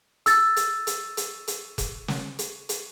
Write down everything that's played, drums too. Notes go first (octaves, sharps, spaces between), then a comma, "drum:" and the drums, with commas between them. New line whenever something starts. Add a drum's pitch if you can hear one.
E6 A6, drum: hi-hat
drum: hi-hat
drum: hi-hat
drum: hi-hat
drum: hi-hat
drum: kick F1, hi-hat
drum: snare
drum: hi-hat
drum: hi-hat